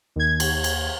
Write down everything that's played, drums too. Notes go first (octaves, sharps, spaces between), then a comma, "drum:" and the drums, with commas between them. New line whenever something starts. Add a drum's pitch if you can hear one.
D#2 G#6
drum: cymbal
drum: cymbal